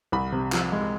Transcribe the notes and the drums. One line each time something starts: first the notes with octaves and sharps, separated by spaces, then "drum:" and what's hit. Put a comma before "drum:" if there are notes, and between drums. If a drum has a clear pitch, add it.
C2 B5
C3
F3, drum: clap
G#3